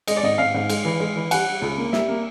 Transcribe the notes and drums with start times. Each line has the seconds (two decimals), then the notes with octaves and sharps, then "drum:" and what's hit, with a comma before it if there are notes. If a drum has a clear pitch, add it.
0.08 G#3 D#5, drum: cymbal
0.17 D5
0.23 G#2 D#5
0.38 G#2 F5
0.54 G#2
0.69 G#3, drum: cymbal
0.85 E3
1.00 G#3
1.16 E3
1.31 G3 F#5, drum: cymbal
1.47 G3
1.62 C#2
1.77 A#3
1.93 G3 E5, drum: snare
2.08 A#3